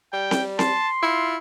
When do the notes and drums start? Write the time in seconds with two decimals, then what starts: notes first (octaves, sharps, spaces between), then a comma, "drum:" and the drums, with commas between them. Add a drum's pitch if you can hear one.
0.13 G3 G5
0.31 drum: snare C4
0.59 A5 C6, drum: snare C4
1.03 E4 F4